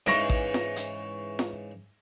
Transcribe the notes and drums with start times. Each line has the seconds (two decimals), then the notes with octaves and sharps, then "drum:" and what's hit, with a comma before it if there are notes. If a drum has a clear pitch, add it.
0.06 G#2 C#3 E3 C#6 A#6 D7
0.30 drum: kick A1
0.54 drum: snare F4
0.76 drum: hi-hat
1.39 drum: snare F4